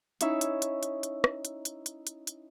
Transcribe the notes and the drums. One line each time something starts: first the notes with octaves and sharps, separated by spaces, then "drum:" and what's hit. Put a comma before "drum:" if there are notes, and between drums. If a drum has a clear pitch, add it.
C#4 D#4 E4 C#5 E5 C#6, drum: hi-hat
drum: hi-hat
drum: hi-hat
drum: hi-hat
drum: hi-hat
drum: rim click
drum: hi-hat
drum: hi-hat
drum: hi-hat
drum: hi-hat
drum: hi-hat